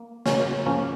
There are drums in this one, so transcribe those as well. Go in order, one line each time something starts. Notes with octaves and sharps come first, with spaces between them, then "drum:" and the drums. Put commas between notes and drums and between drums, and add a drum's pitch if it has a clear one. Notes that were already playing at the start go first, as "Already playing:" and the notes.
Already playing: A#3
C#3 F#3 A#3 C#4, drum: snare
C#3 F3 A#3 C#4